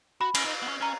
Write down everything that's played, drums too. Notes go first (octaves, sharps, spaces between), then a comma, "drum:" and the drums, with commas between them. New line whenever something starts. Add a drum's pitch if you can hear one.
F#4 B5
C#4, drum: cymbal
D#4
B3
C#4
C#4 A#5